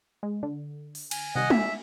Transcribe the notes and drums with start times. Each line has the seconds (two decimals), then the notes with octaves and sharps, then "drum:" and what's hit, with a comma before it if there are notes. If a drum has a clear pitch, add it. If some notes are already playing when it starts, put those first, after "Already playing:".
0.23 G#3
0.43 D3
0.95 drum: open hi-hat
1.11 G#5, drum: cymbal
1.35 C3 D#3 G3 D#5 F#5 G#5
1.50 E5 G#5, drum: tom